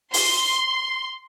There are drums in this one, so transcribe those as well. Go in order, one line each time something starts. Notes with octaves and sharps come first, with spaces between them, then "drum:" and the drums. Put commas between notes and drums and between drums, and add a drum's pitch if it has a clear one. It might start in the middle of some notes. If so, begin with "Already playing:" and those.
C6, drum: open hi-hat